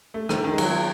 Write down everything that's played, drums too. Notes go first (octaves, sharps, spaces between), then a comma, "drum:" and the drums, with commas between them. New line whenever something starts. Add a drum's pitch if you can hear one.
A3
D#3, drum: rim click
D#3
G#3
F#3, drum: cymbal